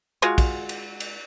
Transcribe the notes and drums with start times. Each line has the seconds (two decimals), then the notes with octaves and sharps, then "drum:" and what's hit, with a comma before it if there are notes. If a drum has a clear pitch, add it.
0.22 G#3 F4 F#4
0.38 drum: kick, cymbal
0.69 drum: cymbal
1.00 drum: cymbal